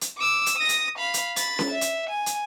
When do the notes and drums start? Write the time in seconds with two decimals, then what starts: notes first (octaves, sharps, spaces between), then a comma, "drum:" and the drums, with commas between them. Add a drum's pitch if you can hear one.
0.01 drum: hi-hat
0.18 D6 E6
0.46 drum: hi-hat
0.57 D#6 A#6
0.69 drum: hi-hat
0.98 F5 B5
1.14 drum: hi-hat
1.36 B5 A6, drum: hi-hat
1.59 drum: snare C#4
1.70 E5
1.81 drum: hi-hat
2.10 G#5
2.26 drum: hi-hat